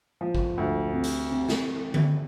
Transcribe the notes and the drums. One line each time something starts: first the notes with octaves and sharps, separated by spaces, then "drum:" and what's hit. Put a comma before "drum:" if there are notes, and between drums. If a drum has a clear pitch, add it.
F3
drum: kick A1
D2
C3
drum: hi-hat
C3
drum: snare
drum: tom D3